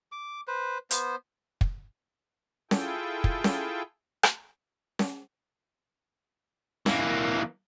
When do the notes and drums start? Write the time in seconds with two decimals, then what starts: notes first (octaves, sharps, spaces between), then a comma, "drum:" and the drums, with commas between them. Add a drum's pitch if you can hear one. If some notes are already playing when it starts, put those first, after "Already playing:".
0.12 D6
0.48 B4 C5
0.91 B3 C5, drum: hi-hat
1.61 drum: kick
2.71 E4 F4 G#4 A4 G5, drum: snare C#4
3.24 drum: kick
3.44 drum: snare C#4
4.23 drum: rim click
4.99 drum: snare C#4
6.86 E3 A#3, drum: snare C#4